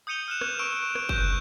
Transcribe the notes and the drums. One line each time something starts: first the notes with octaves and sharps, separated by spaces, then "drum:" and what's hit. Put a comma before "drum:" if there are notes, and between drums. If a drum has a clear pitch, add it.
D#6 G6 C#7 D#7 F7 G7
F6 F#6 E7
drum: rim click
C#6 E6 D7 D#7
D7
drum: rim click
C#6 F#6 G6 E7, drum: kick F#1